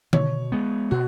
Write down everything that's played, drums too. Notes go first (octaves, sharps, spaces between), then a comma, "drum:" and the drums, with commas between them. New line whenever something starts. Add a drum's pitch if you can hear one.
B2 C#5, drum: tom D3
G#3 B3
B2 F#4